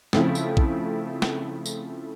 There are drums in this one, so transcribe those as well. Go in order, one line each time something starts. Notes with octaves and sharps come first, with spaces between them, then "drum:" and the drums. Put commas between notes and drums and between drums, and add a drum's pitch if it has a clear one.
C#3 F3 A3 C4 E4, drum: snare
drum: tambourine
drum: kick
drum: snare
drum: tambourine